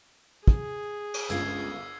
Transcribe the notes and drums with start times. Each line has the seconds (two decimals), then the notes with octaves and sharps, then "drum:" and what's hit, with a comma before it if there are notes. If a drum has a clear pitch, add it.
0.48 G#4, drum: kick
1.14 drum: cymbal
1.29 G1 C#2 F4 E6 G#6 C7, drum: hi-hat